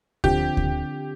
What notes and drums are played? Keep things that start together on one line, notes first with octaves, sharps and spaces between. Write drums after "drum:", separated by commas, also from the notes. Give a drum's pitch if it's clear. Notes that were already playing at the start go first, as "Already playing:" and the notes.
D3 F3 C4 G4, drum: kick D2
drum: kick D2